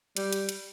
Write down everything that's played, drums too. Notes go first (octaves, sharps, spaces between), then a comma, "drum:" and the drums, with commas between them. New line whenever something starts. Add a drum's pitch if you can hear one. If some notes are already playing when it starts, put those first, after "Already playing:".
G3, drum: hi-hat
drum: hi-hat
drum: hi-hat